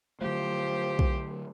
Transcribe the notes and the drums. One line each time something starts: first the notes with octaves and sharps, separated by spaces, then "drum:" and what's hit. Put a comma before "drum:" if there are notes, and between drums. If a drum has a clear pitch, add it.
D3 F3 F#3 A3 G4 C5
drum: kick B1